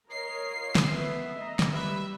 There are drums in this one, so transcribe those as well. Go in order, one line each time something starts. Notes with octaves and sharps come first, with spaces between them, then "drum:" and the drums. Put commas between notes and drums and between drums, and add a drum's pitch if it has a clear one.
A#4 C#5 D#5 C7
F4
drum: snare
A3 B3 E5
D#5 A#5
drum: snare
G3 B4 E5